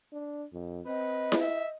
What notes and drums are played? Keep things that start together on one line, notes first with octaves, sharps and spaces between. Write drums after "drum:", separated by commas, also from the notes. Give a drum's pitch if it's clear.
D4
F2
C4 B4 D#5
drum: snare E4
E5